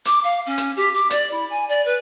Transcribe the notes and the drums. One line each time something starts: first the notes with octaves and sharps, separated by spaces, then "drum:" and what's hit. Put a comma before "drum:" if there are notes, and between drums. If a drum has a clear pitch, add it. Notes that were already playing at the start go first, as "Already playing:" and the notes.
D6, drum: hi-hat
F5
C#4
drum: hi-hat
G4
D6
D5, drum: hi-hat
E4
G#5
D5
B4